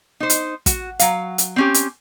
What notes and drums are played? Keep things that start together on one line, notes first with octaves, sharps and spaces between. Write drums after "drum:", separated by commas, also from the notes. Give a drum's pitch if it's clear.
D#4 C5
drum: hi-hat
F#4, drum: kick, hi-hat
F#3 F5, drum: hi-hat
drum: hi-hat
C4 C#4 G4
drum: hi-hat